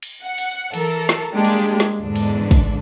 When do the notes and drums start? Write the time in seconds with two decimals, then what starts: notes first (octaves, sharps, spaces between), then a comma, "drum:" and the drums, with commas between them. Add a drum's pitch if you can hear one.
0.03 drum: cymbal
0.24 F#5
0.38 drum: cymbal
0.73 E3 A4 A#4, drum: cymbal
1.09 drum: snare
1.32 G3 G#3 A#3 D4 G4
1.44 drum: cymbal
1.80 drum: snare
2.01 E2 G#2 D3 D4
2.15 drum: cymbal
2.51 drum: kick, cymbal